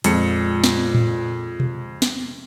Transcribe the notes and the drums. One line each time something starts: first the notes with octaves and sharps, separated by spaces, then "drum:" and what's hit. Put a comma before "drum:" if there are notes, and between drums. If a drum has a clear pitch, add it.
F2 A#2 G#3 C#7, drum: hi-hat
drum: snare
drum: tom A2
drum: tom B2
drum: snare